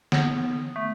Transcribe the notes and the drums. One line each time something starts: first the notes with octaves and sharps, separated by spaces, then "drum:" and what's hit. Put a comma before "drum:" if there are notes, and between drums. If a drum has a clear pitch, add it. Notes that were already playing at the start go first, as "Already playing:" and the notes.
B3, drum: snare
A3